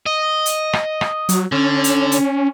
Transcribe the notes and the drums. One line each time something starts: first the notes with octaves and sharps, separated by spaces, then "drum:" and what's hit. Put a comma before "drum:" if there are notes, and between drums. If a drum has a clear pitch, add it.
D#5
drum: hi-hat
drum: rim click
drum: rim click
F#3, drum: hi-hat
D3 C#4
drum: hi-hat
drum: hi-hat